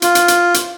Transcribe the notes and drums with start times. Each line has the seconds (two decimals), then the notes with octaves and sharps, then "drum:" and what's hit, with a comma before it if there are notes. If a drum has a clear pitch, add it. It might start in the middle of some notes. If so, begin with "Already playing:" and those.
0.02 F4, drum: hi-hat
0.15 drum: hi-hat
0.28 drum: hi-hat
0.54 drum: hi-hat